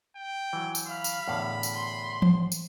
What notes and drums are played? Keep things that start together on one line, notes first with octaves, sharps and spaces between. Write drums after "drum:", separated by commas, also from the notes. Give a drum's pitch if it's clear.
G5
E3 F#3
drum: tambourine
F5 B5
drum: tambourine
E2 A2 D3
drum: tambourine
C6
drum: tom E3
drum: tambourine